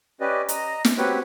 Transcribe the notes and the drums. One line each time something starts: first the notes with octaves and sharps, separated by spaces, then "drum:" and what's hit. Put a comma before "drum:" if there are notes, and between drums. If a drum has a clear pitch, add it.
C#4 G4 B4 D5 D#5
D#5 A#5, drum: hi-hat
drum: snare
C4 F#4 G4 B4 C#5